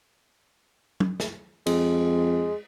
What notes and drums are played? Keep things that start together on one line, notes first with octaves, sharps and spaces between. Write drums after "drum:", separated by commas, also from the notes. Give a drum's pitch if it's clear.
drum: tom
drum: snare
F2 G#3, drum: cymbal